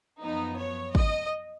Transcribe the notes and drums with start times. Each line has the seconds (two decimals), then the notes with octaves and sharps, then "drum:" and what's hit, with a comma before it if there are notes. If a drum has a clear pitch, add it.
0.21 F#2 F3 B3 D#4
0.57 C#5
0.95 D#5, drum: kick G#1